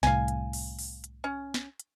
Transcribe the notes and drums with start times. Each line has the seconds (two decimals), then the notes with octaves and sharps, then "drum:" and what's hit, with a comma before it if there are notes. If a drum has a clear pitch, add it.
0.03 C2 A2 F5 G#5, drum: snare
0.28 drum: hi-hat
0.53 drum: open hi-hat
0.79 drum: open hi-hat
1.04 drum: hi-hat
1.24 C#4
1.54 drum: snare
1.80 drum: hi-hat